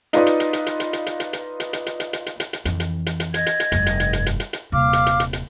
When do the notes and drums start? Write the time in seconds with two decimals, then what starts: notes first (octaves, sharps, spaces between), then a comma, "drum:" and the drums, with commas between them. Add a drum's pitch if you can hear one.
0.13 D#4 F4 B4 D5 D#5, drum: hi-hat
0.26 drum: hi-hat
0.40 drum: hi-hat
0.53 drum: hi-hat
0.66 drum: hi-hat
0.80 drum: hi-hat
0.93 drum: hi-hat
1.06 drum: hi-hat
1.20 drum: hi-hat
1.33 drum: hi-hat
1.60 drum: hi-hat
1.73 drum: hi-hat
1.86 drum: hi-hat
2.00 drum: hi-hat
2.13 drum: hi-hat
2.26 drum: hi-hat
2.40 drum: hi-hat
2.53 drum: hi-hat
2.65 F2 E3, drum: hi-hat
2.80 drum: hi-hat
3.06 drum: hi-hat
3.20 drum: hi-hat
3.34 D#5 G#6, drum: hi-hat
3.46 drum: hi-hat
3.60 drum: hi-hat
3.72 F1 G2, drum: hi-hat
3.86 drum: hi-hat
4.00 drum: hi-hat
4.13 drum: hi-hat
4.26 drum: hi-hat
4.40 drum: hi-hat
4.53 drum: hi-hat
4.72 D#1 C3 F5 D6 F6
4.93 drum: hi-hat
5.06 drum: hi-hat
5.20 drum: hi-hat
5.33 drum: hi-hat